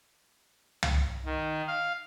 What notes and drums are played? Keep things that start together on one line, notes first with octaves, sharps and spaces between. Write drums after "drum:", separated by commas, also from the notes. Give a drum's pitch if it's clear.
drum: tom
D#3
F5